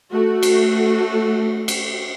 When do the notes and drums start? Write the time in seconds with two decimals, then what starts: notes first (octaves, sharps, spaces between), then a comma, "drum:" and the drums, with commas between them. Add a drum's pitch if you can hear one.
0.11 A3 F#4
0.43 drum: cymbal
1.68 drum: cymbal